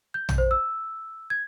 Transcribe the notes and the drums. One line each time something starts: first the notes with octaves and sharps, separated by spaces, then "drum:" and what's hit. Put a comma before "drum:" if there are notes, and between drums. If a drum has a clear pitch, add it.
G6
drum: tom A#1
C5
E6
G#6